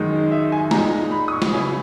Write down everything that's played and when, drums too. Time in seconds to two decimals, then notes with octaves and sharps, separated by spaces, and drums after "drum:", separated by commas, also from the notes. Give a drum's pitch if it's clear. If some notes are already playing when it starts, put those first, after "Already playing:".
Already playing: F#2 D#3 G#3 D#4
0.32 E5
0.52 G#5
0.71 A#2 G#3 D#4 A#5, drum: snare
1.11 B5
1.28 D#6
1.32 C#6
1.42 drum: snare
1.52 C#3 F#3 C#4 E4 G#5